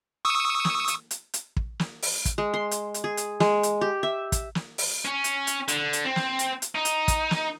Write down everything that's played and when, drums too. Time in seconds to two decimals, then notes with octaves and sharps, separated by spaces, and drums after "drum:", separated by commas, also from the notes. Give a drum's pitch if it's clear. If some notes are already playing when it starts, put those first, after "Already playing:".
0.25 C#6 D#6 E6
0.65 drum: snare
0.88 drum: hi-hat
1.11 drum: hi-hat
1.34 drum: hi-hat
1.57 drum: kick
1.79 drum: snare
2.02 drum: open hi-hat
2.25 drum: kick, hi-hat
2.38 G#3
2.54 C6
2.71 drum: hi-hat
2.94 drum: hi-hat
3.04 G#4
3.17 drum: hi-hat
3.40 G#3, drum: snare
3.63 drum: hi-hat
3.81 G4
4.03 E5
4.32 drum: kick, hi-hat
4.55 drum: snare
4.78 drum: open hi-hat
5.05 C#4
5.24 drum: hi-hat
5.47 drum: hi-hat
5.68 D3, drum: hi-hat
5.93 drum: hi-hat
6.05 C4
6.16 drum: snare
6.39 drum: hi-hat
6.62 drum: hi-hat
6.75 D#4
6.85 drum: hi-hat
7.08 drum: kick, hi-hat
7.31 drum: snare